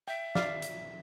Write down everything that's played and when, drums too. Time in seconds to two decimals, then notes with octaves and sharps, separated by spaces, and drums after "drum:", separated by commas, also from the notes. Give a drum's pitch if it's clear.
0.08 E5 G5
0.35 D5 F5, drum: snare
0.62 drum: hi-hat